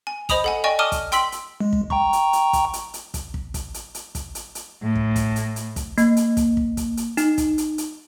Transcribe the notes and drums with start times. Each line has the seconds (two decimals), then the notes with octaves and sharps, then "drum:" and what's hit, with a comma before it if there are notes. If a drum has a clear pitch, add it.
0.07 G#5
0.29 C5 D#5 B5 D#6 F7, drum: kick, hi-hat
0.44 A4 F#5 G#5
0.64 D5 D#5 G5 G#5 C#6
0.79 A5 D6 D#6 F6 D#7 G7
0.92 drum: kick, hi-hat
1.12 G5 C6 E6 B6 F#7, drum: hi-hat
1.32 drum: hi-hat
1.61 G#3
1.73 drum: kick
1.90 G5 A#5 C#6, drum: kick
2.13 drum: hi-hat
2.33 drum: hi-hat
2.53 drum: kick, hi-hat
2.73 drum: hi-hat
2.94 drum: hi-hat
3.14 drum: kick, hi-hat
3.34 drum: kick
3.54 drum: kick, hi-hat
3.74 drum: hi-hat
3.95 drum: hi-hat
4.15 drum: kick, hi-hat
4.35 drum: hi-hat
4.55 drum: hi-hat
4.82 A2
4.95 drum: kick
5.16 drum: kick, hi-hat
5.36 drum: hi-hat
5.56 drum: hi-hat
5.76 drum: kick, hi-hat
5.98 A#3, drum: hi-hat
6.17 drum: hi-hat
6.37 drum: kick, hi-hat
6.57 drum: kick
6.77 drum: kick, hi-hat
6.97 drum: hi-hat
7.17 D#4, drum: hi-hat
7.38 drum: kick, hi-hat
7.58 drum: hi-hat
7.78 drum: hi-hat